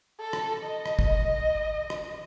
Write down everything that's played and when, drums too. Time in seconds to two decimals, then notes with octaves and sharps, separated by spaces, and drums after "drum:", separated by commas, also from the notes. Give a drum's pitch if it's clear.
0.20 A4
0.33 drum: rim click
0.64 D#5
0.86 drum: rim click
0.99 drum: kick
1.90 drum: rim click